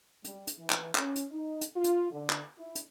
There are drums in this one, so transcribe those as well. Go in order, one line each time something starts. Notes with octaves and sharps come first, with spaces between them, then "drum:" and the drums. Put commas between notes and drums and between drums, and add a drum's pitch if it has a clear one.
G3, drum: hi-hat
drum: hi-hat
E3
drum: clap
C#4, drum: clap
drum: hi-hat
D#4
drum: hi-hat
F4
drum: hi-hat
D3
drum: clap
E4
drum: hi-hat